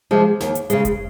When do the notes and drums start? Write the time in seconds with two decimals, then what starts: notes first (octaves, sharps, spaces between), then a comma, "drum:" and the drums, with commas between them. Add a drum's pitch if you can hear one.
0.11 C3 F3 G#3
0.40 D#2, drum: snare
0.55 drum: hi-hat
0.70 C#3 G#3, drum: hi-hat
0.85 drum: kick F1, hi-hat